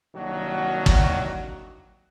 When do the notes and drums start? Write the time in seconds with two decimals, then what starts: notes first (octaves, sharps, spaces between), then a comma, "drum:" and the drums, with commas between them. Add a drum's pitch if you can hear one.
0.15 C2 D#3 F#3 A#3 D4 F#4
0.86 drum: kick